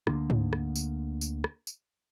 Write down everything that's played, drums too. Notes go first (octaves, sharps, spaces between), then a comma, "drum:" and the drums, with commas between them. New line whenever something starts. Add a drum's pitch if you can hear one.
D2 D3 A#3 D4, drum: rim click
drum: tom G#2
drum: rim click
drum: tambourine
drum: tambourine
drum: rim click
drum: tambourine